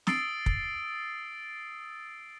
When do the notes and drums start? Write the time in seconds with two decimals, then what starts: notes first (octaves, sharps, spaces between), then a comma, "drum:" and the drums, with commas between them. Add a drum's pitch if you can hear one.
0.07 D#6 E6 A6 C7 D7, drum: snare
0.46 drum: kick